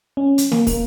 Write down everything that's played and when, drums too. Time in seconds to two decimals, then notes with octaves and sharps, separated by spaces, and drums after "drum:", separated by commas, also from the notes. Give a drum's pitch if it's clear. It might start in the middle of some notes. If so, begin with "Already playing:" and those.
0.17 C#4
0.38 drum: hi-hat
0.52 A#3, drum: snare
0.67 A#3, drum: kick, open hi-hat